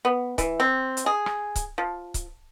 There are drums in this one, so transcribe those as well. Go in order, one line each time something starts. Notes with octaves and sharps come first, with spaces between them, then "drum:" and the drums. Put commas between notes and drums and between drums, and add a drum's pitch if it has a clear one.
B3
E3, drum: kick C#1, hi-hat
C4
drum: hi-hat
G#4
drum: rim click
drum: kick C#1, hi-hat
F3
drum: kick C#1, hi-hat